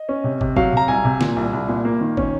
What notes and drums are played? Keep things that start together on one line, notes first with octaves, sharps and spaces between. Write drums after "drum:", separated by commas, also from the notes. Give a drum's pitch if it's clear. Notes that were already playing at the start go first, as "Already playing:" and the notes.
Already playing: D#5
C#4
C3
C3, drum: kick
F#3 F5, drum: kick
C3 A#5
C2 G#5
C3
A#2, drum: snare
C2
C2
A#2
A#3
D#3
C#4, drum: kick